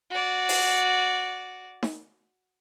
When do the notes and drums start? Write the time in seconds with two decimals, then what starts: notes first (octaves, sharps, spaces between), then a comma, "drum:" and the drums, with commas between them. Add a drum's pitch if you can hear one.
0.10 F#4 D5
0.49 drum: open hi-hat
1.83 drum: snare D#4